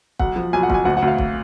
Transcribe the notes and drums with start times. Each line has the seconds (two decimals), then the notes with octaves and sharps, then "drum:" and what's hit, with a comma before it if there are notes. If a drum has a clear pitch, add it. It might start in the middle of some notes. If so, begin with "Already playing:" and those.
0.19 B1 F#5, drum: kick
0.36 F3
0.53 B1 G#5
0.63 F#5
0.70 B1 G#5, drum: kick
0.85 D2 F#5
0.97 F#5
1.02 D2
1.08 F5
1.19 drum: kick